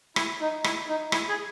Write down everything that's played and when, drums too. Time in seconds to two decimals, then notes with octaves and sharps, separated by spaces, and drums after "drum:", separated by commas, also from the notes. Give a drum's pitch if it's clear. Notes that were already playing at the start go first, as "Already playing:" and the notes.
0.16 E4, drum: rim click
0.41 D#4
0.64 E4, drum: rim click
0.89 D#4
1.12 E4, drum: rim click
1.29 G#4